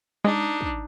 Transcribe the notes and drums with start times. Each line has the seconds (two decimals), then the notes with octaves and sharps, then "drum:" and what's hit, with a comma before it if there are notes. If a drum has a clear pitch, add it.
0.24 G#3 D4 D#4
0.61 drum: kick